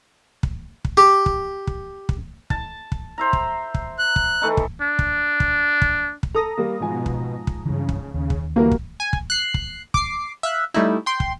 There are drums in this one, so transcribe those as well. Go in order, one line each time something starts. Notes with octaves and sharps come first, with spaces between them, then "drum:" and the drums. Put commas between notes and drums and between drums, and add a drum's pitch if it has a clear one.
drum: kick
drum: kick
G4
drum: kick
drum: kick
drum: kick
A5, drum: kick
drum: kick
C5 E5 A#5
drum: kick
drum: kick
F#6
drum: kick
E3 A3 D#4
drum: kick
D4
drum: kick
drum: kick
drum: kick
drum: kick
A4 A#5 D#6 A#6
G3 A#3
G#2 B2 F3 G#5
drum: kick
drum: kick
G2 C#3 E3
drum: kick
D#2 C#3
drum: kick
D2 E3 G3 A#3 F#4 A#4
drum: kick
G#5
drum: kick
F#6 C7
drum: kick
D6 C7, drum: kick
E5 F5 F#6
G3 A3 D#4 E4
G5 C6
drum: kick